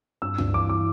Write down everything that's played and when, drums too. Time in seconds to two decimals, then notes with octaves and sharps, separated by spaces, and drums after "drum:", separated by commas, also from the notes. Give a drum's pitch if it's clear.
0.22 G2 E6
0.38 G2, drum: tom C#2
0.54 E3 D6
0.69 E3 D6